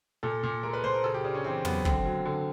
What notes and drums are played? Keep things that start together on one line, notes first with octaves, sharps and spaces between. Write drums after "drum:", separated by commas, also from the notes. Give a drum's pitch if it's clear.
A#2 A4
A#2
G#3 A#4
B4
A#2 C5
A#4
C#3 A4
G4
C#3 D4
C#4
E3 C4
F#2 B3, drum: tom
D3 C4, drum: kick
F#3
D3